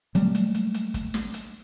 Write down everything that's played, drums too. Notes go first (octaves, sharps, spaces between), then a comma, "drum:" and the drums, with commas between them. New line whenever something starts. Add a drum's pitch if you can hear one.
F#3 G3 A3 A#3, drum: hi-hat
drum: hi-hat
drum: hi-hat
drum: hi-hat
drum: kick, hi-hat
drum: snare
drum: hi-hat